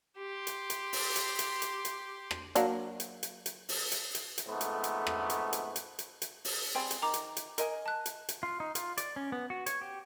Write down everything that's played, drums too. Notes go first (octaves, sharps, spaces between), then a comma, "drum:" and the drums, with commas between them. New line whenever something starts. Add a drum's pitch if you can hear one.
G4 C6
drum: hi-hat
drum: hi-hat
drum: open hi-hat
drum: hi-hat
drum: hi-hat
drum: hi-hat
drum: hi-hat
drum: rim click
F#3 A#3 D4, drum: hi-hat
drum: hi-hat
drum: hi-hat
drum: hi-hat
drum: open hi-hat
drum: hi-hat
drum: hi-hat
drum: hi-hat
F2 G#2 A3 B3
drum: hi-hat
drum: hi-hat
drum: rim click
drum: hi-hat
drum: hi-hat
drum: hi-hat
drum: hi-hat
drum: hi-hat
drum: open hi-hat
G3 C4 G#4 G5
drum: hi-hat
D#3 A#5 D6
drum: hi-hat
drum: hi-hat
A#4 D#5 G#5, drum: hi-hat
A5 F#6
drum: hi-hat
drum: hi-hat
F4
D#4
F4, drum: hi-hat
D5, drum: hi-hat
C#4
B3
F#4
C#5, drum: hi-hat
G4